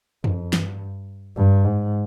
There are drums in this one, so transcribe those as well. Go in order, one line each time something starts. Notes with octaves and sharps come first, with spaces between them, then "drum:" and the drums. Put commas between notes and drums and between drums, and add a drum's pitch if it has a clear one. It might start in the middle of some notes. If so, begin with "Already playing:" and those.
F2, drum: tom F2
G2, drum: snare
G2
G#2